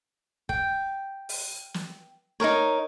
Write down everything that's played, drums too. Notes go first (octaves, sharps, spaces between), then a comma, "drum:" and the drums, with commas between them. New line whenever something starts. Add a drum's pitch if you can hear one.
G5, drum: kick
drum: open hi-hat
drum: snare
D#4 A4 A#4 C#5